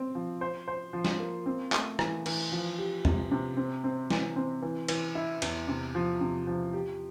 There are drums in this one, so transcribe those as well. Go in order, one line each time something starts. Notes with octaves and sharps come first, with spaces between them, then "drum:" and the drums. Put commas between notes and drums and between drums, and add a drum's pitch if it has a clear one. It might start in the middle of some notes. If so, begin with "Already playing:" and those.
Already playing: C4
F3
C5
C5
F3
drum: snare
A#3
C4
A3, drum: clap
E3, drum: rim click
E3, drum: cymbal
F3
G4
C3, drum: tom E2
C3
C4
C4
E3, drum: snare
C4
E3
E3, drum: cymbal
E4
E2, drum: cymbal
C3
F3
C3
F3
G4